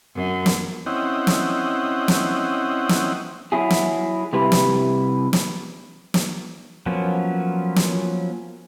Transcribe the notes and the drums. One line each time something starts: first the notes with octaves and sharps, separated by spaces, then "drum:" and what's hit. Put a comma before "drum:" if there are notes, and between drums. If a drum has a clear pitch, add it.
F#2
drum: snare
C4 C#4 E4 D#5 F#5 G5
drum: snare
drum: snare
drum: snare
F#3 E4 G#4
drum: snare
C3 G3 E4 G4 B4
drum: snare
drum: snare
drum: snare
F3 F#3 A#3 B3 C#4
drum: snare